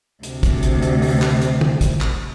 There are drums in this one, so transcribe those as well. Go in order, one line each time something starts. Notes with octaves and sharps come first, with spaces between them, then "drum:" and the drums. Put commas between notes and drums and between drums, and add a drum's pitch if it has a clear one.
D2 C3, drum: hi-hat
drum: kick, hi-hat
drum: hi-hat
drum: hi-hat
drum: open hi-hat
drum: clap
drum: hi-hat
drum: tom
drum: kick, hi-hat
drum: clap